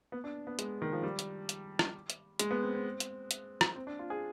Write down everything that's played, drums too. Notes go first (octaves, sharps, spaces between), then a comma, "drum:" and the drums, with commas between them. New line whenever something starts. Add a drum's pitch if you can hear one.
B3
D4
B3
G#3, drum: hi-hat
D#3
F3
G3
drum: hi-hat
drum: hi-hat
drum: rim click
drum: hi-hat
G#3, drum: hi-hat
B3
C4
C4
drum: hi-hat
drum: hi-hat
drum: rim click
C4
D4
F4
G#4